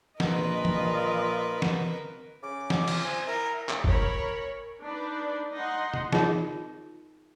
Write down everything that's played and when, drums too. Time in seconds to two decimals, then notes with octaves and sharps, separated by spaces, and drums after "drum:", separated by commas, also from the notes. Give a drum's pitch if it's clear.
0.20 A#1 F4 A#4 B4 D#5, drum: snare
0.65 drum: tom
1.62 drum: snare
2.43 C#3 D6
2.70 drum: snare
2.88 F4, drum: cymbal
3.05 C5 G#5
3.27 E4 A#4
3.69 drum: clap
3.84 A#4 C#5 B5, drum: kick
4.81 D4 D#4 B4 D5
5.53 D#4 D#5 F#5 C6
5.94 drum: tom C3
6.12 D#4 F4 G#4 A#4 C#5 D#5, drum: snare